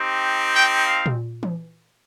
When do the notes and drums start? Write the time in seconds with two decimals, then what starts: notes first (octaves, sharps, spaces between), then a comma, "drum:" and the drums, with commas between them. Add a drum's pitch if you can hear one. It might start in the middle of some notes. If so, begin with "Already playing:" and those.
Already playing: C4 D#4 G4
0.53 G5
0.86 F5
1.06 drum: tom A#2
1.43 drum: tom E3